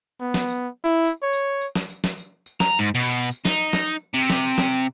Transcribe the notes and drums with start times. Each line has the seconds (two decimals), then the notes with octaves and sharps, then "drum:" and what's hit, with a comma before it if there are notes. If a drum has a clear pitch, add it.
0.21 B3
0.34 drum: snare
0.48 drum: tambourine
0.84 E4
1.05 drum: tambourine
1.23 C#5
1.33 drum: tambourine
1.61 drum: tambourine
1.76 drum: snare
1.90 drum: tambourine
2.04 drum: snare
2.18 drum: tambourine
2.46 drum: tambourine
2.60 A#5, drum: snare
2.79 G#2
2.95 B2
3.31 drum: tambourine
3.45 D#4, drum: snare
3.59 drum: tambourine
3.73 drum: snare
3.87 drum: tambourine
4.14 C3, drum: tambourine
4.30 drum: snare
4.44 drum: tambourine
4.58 drum: snare
4.72 drum: tambourine